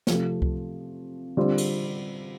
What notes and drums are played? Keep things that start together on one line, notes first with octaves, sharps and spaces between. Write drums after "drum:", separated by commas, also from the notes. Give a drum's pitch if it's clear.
C3 F3 A3, drum: snare
drum: kick C#2
D3 G3 C4 F4
drum: cymbal